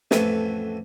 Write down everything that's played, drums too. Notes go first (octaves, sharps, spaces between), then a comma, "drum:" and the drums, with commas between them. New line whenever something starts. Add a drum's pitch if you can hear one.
A1 F2 A3 B3 G#5, drum: snare